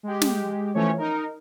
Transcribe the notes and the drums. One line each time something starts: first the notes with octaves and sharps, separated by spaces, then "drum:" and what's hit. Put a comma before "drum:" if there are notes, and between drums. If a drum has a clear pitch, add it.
G#3 G4
drum: snare
E3 F3 A3 C#4 C#5
D#4 A#4